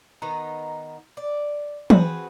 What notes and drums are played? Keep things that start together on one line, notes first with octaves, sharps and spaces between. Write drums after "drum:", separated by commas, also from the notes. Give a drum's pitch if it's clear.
D#3 B3 D#4 A#5
D5
C4 F#4 G#4 B4, drum: tom E3